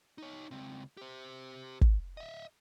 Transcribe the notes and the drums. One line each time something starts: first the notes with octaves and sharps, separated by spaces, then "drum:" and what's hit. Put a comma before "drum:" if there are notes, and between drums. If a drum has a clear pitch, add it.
D#4 C#5
C#2 C4
G4 C5
drum: kick
D#5 E5